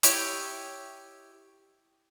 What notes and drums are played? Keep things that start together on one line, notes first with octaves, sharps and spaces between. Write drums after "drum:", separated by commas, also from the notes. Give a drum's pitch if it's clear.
E4 G4 C#5 D#5, drum: hi-hat